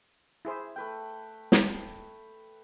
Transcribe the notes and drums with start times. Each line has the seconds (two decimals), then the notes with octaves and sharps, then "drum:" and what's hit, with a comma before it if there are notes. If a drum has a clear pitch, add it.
0.45 E4 G#4 C5
0.76 A3 B4 G5
1.52 drum: snare